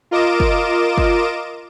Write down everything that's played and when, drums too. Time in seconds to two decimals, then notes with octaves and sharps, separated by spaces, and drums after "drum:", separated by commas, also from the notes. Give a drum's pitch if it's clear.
0.11 F4 A#4 D#5 D6 D7 E7
0.40 drum: kick
0.98 drum: kick